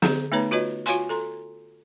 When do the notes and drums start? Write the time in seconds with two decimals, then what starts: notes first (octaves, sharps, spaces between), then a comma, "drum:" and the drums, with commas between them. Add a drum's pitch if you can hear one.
0.02 D3 G#4, drum: snare
0.32 A3 B3 D#4 B4 C#5 A#5
0.51 F4 F#4 B4 C#5 D#5
0.86 F4 F#4 C#5 F5 G#5 C6, drum: hi-hat
1.09 A4 A#5 C6